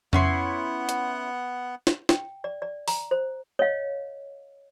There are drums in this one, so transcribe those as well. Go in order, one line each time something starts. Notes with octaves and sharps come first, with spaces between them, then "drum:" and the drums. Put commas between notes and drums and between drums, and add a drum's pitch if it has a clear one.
B3 C#4 E4 F#5 C6, drum: tom F2
drum: hi-hat
drum: snare
G5, drum: snare
D5
D5
A#5, drum: open hi-hat
C5
C#5 D#5 F5